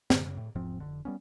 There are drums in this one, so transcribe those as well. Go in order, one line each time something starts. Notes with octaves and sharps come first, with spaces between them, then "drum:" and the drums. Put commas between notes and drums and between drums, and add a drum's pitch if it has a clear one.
F#2 A2 D3, drum: snare
F#2 C#3
A2
E1 G#2 F3 C4
F1 F2 D3
G3 B3 C#4